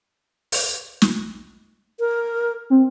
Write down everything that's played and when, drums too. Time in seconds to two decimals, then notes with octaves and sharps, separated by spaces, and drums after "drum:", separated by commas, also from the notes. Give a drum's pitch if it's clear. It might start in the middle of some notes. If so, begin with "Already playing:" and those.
0.52 drum: open hi-hat
1.02 drum: snare
2.00 A#4
2.70 C4